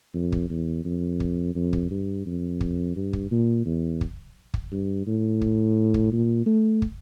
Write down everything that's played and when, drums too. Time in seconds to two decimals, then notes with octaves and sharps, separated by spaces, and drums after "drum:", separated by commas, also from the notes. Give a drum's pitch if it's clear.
0.14 F2
0.32 drum: kick
0.50 E2
0.85 F2
1.20 drum: kick
1.55 F2
1.73 drum: kick
1.91 G2
2.26 F2
2.61 drum: kick
2.96 G2
3.13 drum: kick
3.31 A#2
3.66 E2
4.01 drum: kick
4.54 drum: kick
4.72 G2
5.07 A2
5.41 drum: kick
5.94 drum: kick
6.12 A#2
6.46 A3
6.82 drum: kick